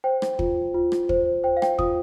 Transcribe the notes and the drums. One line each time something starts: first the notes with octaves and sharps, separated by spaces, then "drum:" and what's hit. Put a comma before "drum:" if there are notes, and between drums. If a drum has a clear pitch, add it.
C5 G5
drum: rim click
F4, drum: kick
F4
drum: rim click
C5, drum: kick
C5 G5
F5
G5, drum: rim click
F4 D#6, drum: kick